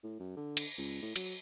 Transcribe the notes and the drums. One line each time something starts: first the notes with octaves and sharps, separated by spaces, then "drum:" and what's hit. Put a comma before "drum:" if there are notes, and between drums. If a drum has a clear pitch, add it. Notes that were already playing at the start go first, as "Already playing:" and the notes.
A2
F#2
D3
drum: cymbal
C#2
A2
F#3, drum: cymbal